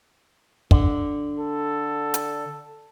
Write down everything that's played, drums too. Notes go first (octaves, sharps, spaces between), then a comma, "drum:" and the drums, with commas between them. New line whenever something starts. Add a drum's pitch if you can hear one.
D3, drum: kick
A4
drum: hi-hat